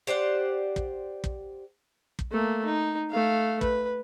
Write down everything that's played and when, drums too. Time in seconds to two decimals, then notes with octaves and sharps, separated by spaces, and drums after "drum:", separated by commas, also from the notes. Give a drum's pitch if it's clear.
0.07 G4 C5 D5 F#5
0.76 drum: kick
1.24 drum: kick
2.19 drum: kick
2.32 A3 A#3
2.65 D#4
3.11 A3 F5
3.61 B4, drum: kick